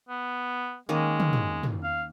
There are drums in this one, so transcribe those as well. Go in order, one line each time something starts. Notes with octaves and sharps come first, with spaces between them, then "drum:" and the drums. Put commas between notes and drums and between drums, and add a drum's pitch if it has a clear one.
B3
D#3 G#3 A#3 C#4
drum: tom
drum: tom
drum: tom
F5